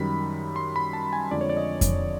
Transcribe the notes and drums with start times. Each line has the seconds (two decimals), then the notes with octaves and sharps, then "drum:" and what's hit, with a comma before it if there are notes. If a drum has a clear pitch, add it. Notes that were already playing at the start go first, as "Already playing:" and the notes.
Already playing: F#2 D#3 G3 B5
0.56 C6
0.76 B5
0.93 A5
1.13 G#5
1.31 F2 D3 F3 G#3 D5
1.41 C#5
1.50 D5
1.57 D#5
1.81 drum: kick F2, hi-hat